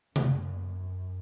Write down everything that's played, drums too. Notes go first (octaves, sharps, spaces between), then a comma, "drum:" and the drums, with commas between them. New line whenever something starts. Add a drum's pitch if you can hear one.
F#2, drum: tom C3